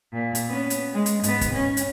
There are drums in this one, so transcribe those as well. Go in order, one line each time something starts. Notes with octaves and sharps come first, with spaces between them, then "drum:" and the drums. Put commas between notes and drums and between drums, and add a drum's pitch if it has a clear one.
A#2
drum: hi-hat
B3 C#4
drum: hi-hat
G#3
drum: hi-hat
G#2 B3, drum: hi-hat
drum: kick, hi-hat
C#4
drum: hi-hat